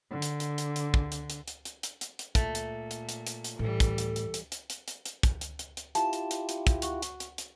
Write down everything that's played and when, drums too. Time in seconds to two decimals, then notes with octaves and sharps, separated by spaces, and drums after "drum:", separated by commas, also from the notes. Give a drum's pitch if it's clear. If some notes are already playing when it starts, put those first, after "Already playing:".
0.11 D3
0.22 drum: hi-hat
0.40 drum: hi-hat
0.58 drum: hi-hat
0.76 drum: hi-hat
0.94 drum: kick
1.12 drum: hi-hat
1.30 drum: hi-hat
1.48 drum: hi-hat
1.65 drum: hi-hat
1.83 drum: hi-hat
2.01 drum: hi-hat
2.19 drum: hi-hat
2.35 A#2 A3, drum: kick, hi-hat
2.55 drum: hi-hat
2.91 drum: hi-hat
3.09 drum: hi-hat
3.27 drum: hi-hat
3.44 drum: hi-hat
3.59 A2 E3 G3 A4
3.80 drum: kick, hi-hat
3.98 drum: hi-hat
4.16 drum: hi-hat
4.34 drum: hi-hat
4.52 drum: hi-hat
4.70 drum: hi-hat
4.88 drum: hi-hat
5.06 drum: hi-hat
5.23 drum: kick, hi-hat
5.41 drum: hi-hat
5.59 drum: hi-hat
5.77 drum: hi-hat
5.95 E4 F4 G4 A5, drum: hi-hat
6.13 drum: hi-hat
6.31 drum: hi-hat
6.49 drum: hi-hat
6.67 drum: kick, hi-hat
6.82 F#4, drum: hi-hat
7.02 drum: hi-hat
7.20 drum: hi-hat
7.38 drum: hi-hat